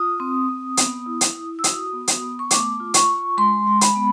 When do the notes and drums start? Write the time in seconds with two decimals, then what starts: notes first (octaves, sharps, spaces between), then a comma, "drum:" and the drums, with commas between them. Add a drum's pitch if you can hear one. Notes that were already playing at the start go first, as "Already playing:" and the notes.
Already playing: F4 D#6
0.20 C4
0.49 C4
0.77 B3, drum: hi-hat
1.06 E4
1.21 drum: hi-hat
1.36 E4
1.59 E6
1.64 F#4 D#6, drum: hi-hat
1.93 B3
2.08 drum: hi-hat
2.22 B3
2.39 C#6
2.51 A3 D6, drum: hi-hat
2.80 F4
2.94 C#6, drum: hi-hat
3.09 F4
3.37 G#3 C6
3.67 G#3
3.81 B5, drum: hi-hat
3.96 B3